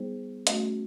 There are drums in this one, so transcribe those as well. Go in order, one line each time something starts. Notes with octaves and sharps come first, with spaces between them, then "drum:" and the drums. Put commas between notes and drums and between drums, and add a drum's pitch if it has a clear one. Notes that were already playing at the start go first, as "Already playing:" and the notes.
Already playing: G3 B3 D#4 G#4 C5
A3 C#4 F#4, drum: hi-hat